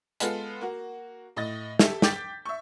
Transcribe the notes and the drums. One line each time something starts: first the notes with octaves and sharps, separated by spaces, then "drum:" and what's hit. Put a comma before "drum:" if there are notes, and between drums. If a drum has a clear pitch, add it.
G#3 B3 F4 A4, drum: hi-hat
A#3 F#4
A2 D#5 A6
G4 A4 E5, drum: snare
G5 D6 G6 A6 B6, drum: snare
E5 C#6